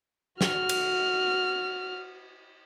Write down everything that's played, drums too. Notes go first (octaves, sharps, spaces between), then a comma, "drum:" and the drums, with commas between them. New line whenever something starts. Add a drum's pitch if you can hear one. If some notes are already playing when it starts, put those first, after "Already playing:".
F#4 F6, drum: snare
drum: cymbal